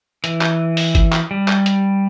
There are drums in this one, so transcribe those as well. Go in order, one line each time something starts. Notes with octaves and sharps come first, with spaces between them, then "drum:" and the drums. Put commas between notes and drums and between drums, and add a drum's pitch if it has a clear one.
E3, drum: hi-hat
drum: clap
drum: open hi-hat
drum: kick G1, hi-hat
drum: clap
G3
drum: clap
drum: hi-hat